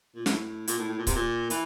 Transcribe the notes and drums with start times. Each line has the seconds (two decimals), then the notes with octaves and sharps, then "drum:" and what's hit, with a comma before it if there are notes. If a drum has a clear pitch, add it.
0.15 A#2
0.26 A2, drum: snare
0.68 A#2, drum: hi-hat
0.79 A2
0.89 A2
0.98 A#2
1.07 C3, drum: kick C#1, hi-hat
1.15 A#2
1.50 E3, drum: hi-hat